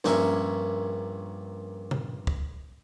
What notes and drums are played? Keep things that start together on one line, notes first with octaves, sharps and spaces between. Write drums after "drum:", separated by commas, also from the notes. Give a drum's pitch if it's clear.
A#1 G2 C#4 A#4 E5 C#6, drum: snare
drum: tom A#2
drum: kick